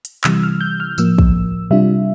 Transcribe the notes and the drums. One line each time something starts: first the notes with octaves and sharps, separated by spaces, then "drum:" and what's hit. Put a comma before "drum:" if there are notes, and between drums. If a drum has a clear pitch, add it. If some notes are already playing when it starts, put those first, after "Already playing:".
drum: hi-hat
C3 E3 G3 E6, drum: clap
F6
G6
F6
A2 F3 A#3 E6, drum: tambourine
drum: kick
C3 G3 D4 F4 E5